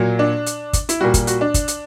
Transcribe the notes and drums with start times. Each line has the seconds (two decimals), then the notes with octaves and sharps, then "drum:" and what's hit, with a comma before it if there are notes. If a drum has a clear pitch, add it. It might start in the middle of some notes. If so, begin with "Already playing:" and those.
Already playing: A#2 F#3
0.19 D4
0.46 drum: hi-hat
0.73 drum: kick, hi-hat
0.89 E4, drum: hi-hat
1.01 A#2 G3 F#4
1.14 drum: kick, hi-hat
1.27 F#4, drum: hi-hat
1.41 D4
1.54 drum: kick, hi-hat
1.68 drum: hi-hat